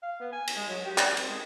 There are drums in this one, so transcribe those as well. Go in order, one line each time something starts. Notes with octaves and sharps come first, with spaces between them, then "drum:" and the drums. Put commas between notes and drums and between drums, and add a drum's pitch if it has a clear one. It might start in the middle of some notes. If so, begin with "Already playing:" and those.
F5
B3
G#5
drum: cymbal
G#3
F#3
G4
D5, drum: clap
C4, drum: cymbal
G#3